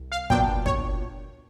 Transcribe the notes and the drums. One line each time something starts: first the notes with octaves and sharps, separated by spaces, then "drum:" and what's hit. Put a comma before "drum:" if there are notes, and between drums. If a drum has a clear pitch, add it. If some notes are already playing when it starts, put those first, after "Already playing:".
Already playing: C2
F5
A#2 F#3 B3 D4 G5, drum: kick
C#5, drum: kick